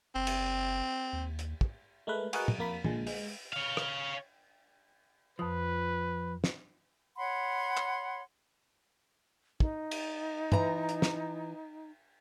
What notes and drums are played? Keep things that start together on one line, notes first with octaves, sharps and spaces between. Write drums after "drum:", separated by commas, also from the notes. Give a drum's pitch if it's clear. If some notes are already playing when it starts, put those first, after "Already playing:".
F#1 C4
drum: cymbal
D#2
drum: hi-hat
drum: kick
G#3 A3 A#4 B4
F#4 G#4 A#4 B4 D#5 F#5, drum: cymbal
drum: tom
F2 A#3 B5
A#1 A#2 D3 G#3, drum: tom
G#3, drum: open hi-hat
C#5 F5
drum: rim click
F2 F3 B4 D#6
drum: snare
C#5 F#5 B5 C6
drum: clap
D#4, drum: kick
drum: cymbal
E3 A#5, drum: tom
drum: hi-hat
drum: snare